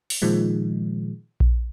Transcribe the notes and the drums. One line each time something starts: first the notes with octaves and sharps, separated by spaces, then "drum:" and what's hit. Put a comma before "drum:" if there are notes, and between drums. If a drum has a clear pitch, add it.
drum: open hi-hat
A#2 D#3 F3 G#3
drum: kick A#1